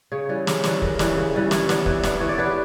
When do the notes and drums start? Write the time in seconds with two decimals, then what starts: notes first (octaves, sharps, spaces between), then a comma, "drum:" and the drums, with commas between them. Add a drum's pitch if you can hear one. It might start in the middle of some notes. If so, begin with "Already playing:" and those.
0.12 C#3 C#5
0.29 E3 G3 C#4
0.47 C#3, drum: snare
0.64 E3 G3 C#4, drum: snare
0.82 C#3 A#4, drum: kick
0.99 E3 G3 C#4, drum: snare
1.16 C#3
1.33 E3 G3 C#4
1.51 E3 C#5, drum: snare
1.69 B3 D4, drum: snare
1.86 E3, drum: kick
2.03 B3 D4, drum: snare
2.20 E3 C#5
2.29 D5
2.38 B3 D4 B4
2.46 G4